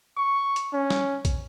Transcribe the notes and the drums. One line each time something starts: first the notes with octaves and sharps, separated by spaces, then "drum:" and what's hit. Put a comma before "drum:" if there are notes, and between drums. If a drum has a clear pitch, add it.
C#6
drum: hi-hat
C#4
drum: snare
drum: kick A#1, hi-hat